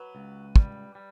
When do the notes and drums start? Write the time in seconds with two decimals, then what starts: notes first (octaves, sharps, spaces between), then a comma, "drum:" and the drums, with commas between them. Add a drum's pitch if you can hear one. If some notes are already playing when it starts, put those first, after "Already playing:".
Already playing: F#3 B4
0.15 C#2
0.56 G3, drum: kick
0.95 G3